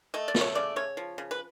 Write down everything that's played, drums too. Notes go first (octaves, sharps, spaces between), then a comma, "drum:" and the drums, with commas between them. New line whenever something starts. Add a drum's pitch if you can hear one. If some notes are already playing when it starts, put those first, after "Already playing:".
A3 D#5
D5
A3, drum: snare
C#5
C#3 D5
C#3 C#5
F3
C#3
B4